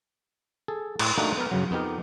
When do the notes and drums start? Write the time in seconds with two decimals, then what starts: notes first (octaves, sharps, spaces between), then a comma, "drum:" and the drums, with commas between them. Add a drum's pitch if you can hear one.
0.68 G#4 A4
0.99 A2, drum: cymbal
1.18 A3 A#3 D4 D#4 F#4 G4
1.37 B3 A#4
1.51 F#2 C#3 F#3
1.71 F2 B3 D#4 G4 A#4